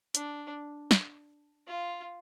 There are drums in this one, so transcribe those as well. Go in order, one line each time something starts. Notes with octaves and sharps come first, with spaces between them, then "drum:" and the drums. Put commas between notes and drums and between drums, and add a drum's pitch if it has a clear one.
D4, drum: hi-hat
drum: snare
F4